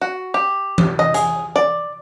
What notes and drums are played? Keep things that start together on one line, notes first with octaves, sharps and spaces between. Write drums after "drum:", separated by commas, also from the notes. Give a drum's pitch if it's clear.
F#4
G4
drum: tom E3
D#5
G#4, drum: hi-hat
D5